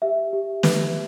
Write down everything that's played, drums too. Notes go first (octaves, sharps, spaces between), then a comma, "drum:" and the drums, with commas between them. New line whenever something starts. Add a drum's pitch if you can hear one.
G4 E5
G4
B4, drum: snare